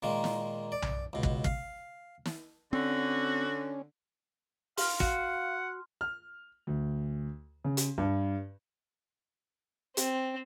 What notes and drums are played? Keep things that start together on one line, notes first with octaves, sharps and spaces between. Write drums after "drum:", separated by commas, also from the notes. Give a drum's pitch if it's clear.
A#2 D#3 G#3 A#3
drum: snare
D5
drum: tom B1
C#2 B2
drum: kick
F5, drum: kick
drum: snare
D3 C4 C#4 F#4
F5 C6 F6, drum: open hi-hat
F#4 F5 F#5, drum: kick
F6
D2
C#3
drum: hi-hat
G2
C4, drum: hi-hat